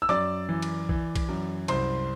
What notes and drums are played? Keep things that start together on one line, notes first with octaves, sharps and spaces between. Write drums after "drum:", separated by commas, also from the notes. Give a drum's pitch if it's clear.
E6
F#2 D5 D6, drum: tom
E3
drum: cymbal
E3, drum: kick B1
drum: kick B1, cymbal
F#2
C2 C5 C6, drum: cymbal